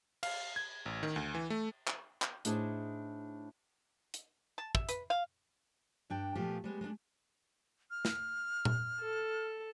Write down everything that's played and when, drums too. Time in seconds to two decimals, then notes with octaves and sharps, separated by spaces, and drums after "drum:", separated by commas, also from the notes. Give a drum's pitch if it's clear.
0.23 F5, drum: cymbal
0.56 G#6
0.86 A1
1.03 D#3
1.16 D2
1.35 E3
1.50 A3
1.87 drum: clap
2.22 drum: clap
2.45 A2 D4 D#4 G#4 C5 A5, drum: hi-hat
4.14 drum: hi-hat
4.58 A5
4.75 E5, drum: kick
4.89 B4, drum: hi-hat
5.10 F5
6.10 G2 D4 G5
6.35 A#2 F3 A3 B3 F4 G4
6.64 G3 G#3 B3
6.81 G#3 A3 B3 D4
7.91 F6
8.05 drum: snare
8.65 drum: tom A#2
9.02 A4